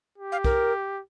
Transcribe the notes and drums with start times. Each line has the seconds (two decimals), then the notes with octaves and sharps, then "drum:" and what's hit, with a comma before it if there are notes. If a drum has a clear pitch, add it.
0.18 G4
0.32 F5
0.44 A#4, drum: kick B1